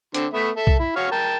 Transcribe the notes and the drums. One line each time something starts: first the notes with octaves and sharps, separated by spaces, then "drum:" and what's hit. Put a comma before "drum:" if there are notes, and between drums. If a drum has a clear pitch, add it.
D3 C4, drum: hi-hat
A3 B3 E5
A4 E5
drum: kick B1
E4
F#4 C#5 F5
A#4 G5 A5